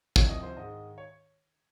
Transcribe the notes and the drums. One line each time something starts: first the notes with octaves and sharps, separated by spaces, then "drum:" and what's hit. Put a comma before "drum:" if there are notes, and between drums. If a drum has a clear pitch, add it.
C2 C3 F3 C#5, drum: kick
D#5
C5
G#2 D#3 G#3 D#5
C#5